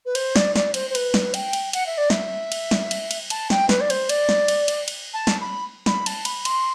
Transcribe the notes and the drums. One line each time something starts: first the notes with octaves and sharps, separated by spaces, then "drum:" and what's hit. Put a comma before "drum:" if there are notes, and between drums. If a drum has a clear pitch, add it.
B4
C5, drum: cymbal
D5, drum: snare
D5, drum: snare
C5, drum: cymbal
C5
B4, drum: cymbal
drum: snare
G5, drum: cymbal
drum: cymbal
F#5, drum: cymbal
E5
D5
E5, drum: snare
drum: cymbal
drum: snare
drum: cymbal
drum: cymbal
A5, drum: cymbal
G5, drum: snare
B4, drum: snare
D5
C5, drum: cymbal
D5, drum: cymbal
drum: snare
drum: cymbal
drum: cymbal
drum: cymbal
A5
drum: snare
B5
B5, drum: snare
A5, drum: cymbal
B5, drum: cymbal
C6, drum: cymbal